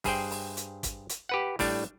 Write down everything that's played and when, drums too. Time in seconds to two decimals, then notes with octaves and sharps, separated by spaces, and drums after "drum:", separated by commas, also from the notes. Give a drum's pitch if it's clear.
0.04 G2 G#4 C5 G5, drum: kick, open hi-hat
0.31 drum: open hi-hat
0.57 drum: hi-hat
0.83 drum: kick, hi-hat
1.09 drum: hi-hat
1.29 G4 B4 F#5
1.59 A2 G3 D4, drum: kick, open hi-hat